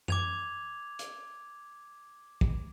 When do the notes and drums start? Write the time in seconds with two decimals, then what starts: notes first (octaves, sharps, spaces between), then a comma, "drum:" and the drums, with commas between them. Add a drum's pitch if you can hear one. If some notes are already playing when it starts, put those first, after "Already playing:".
0.08 D6 G#6 F7, drum: tom
0.99 drum: hi-hat
2.41 drum: kick